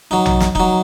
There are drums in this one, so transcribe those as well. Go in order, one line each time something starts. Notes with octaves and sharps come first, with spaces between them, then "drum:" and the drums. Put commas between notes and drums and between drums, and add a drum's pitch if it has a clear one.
F#3 D#4
drum: tom A#1
drum: snare
F#3 D#4, drum: kick